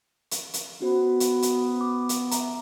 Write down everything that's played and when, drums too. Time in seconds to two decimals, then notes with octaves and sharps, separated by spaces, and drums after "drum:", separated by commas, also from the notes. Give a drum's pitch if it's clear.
0.31 drum: hi-hat
0.54 drum: hi-hat
0.81 B3 C#4 F#4 C5
1.20 drum: hi-hat
1.42 drum: hi-hat
1.81 D6
2.09 drum: hi-hat
2.31 E5 A#5, drum: hi-hat